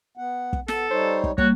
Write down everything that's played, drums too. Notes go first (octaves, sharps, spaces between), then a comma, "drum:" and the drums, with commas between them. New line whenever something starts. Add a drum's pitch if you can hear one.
B3 F#5
drum: kick
B3 A4, drum: snare
G3 D#4 C5 C#5
drum: kick
G3 A#3 F#4 C#5, drum: kick